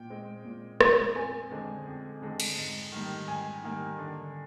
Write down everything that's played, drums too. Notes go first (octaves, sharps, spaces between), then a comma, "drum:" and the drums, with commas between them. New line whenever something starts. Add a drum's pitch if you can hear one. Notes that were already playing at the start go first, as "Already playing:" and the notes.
Already playing: A#2 G5
G#3 C4
A#2
G#3 C4, drum: rim click
F2 G#5
D3 G#3 C4
F2
D3 G#3 C4
drum: cymbal
G#2
D#3 G3 A#3
G#2 G#5
D#3 G3 A#3
D3